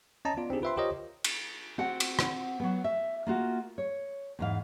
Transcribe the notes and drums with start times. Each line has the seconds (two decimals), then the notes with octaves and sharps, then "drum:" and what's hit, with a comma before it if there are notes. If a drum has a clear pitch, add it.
0.25 C#4 D#5 A5 A#5
0.37 B3 F4 D5
0.50 C4 D4 D#4 G4 G#4
0.62 F4 B4 C5 E5 G5 C6
0.77 F4 G4 A#4 C5 C#5 D#5
1.24 drum: cymbal
1.78 C4 F#4 F#5
2.00 drum: cymbal
2.19 drum: rim click
2.60 F#3 B3
2.84 E5
3.27 A#3 F4 F#4
3.78 C#5
4.39 E2 G#2 F5